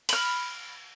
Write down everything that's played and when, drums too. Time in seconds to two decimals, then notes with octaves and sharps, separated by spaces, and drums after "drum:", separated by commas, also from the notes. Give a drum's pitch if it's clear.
0.09 B5 F6, drum: cymbal